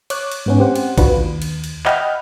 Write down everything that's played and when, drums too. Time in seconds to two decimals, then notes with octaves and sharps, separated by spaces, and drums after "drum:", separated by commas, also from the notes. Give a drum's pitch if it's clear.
0.10 C#5 D6 F#6, drum: cymbal
0.31 drum: cymbal
0.46 G#2 B3 C#4
0.58 C4 C#4 G4 C5 F#5
0.76 drum: cymbal
0.98 D4 F4 F#4 B4, drum: kick, cymbal
1.16 D#2
1.42 drum: cymbal
1.64 drum: cymbal
1.85 D#5 E5 F#5 G5 B5 F6, drum: clap